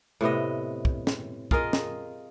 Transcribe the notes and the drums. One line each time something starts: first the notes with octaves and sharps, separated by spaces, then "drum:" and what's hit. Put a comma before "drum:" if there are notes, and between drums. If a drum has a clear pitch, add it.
A2 C3 B3 D#5
drum: kick
drum: snare
F4 G#4 A#4 D#5, drum: kick
drum: snare